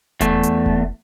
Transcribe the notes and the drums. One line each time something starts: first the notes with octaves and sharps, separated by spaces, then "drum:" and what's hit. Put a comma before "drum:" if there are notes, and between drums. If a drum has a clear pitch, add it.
E2 A3, drum: kick F1, hi-hat
drum: hi-hat
drum: kick F1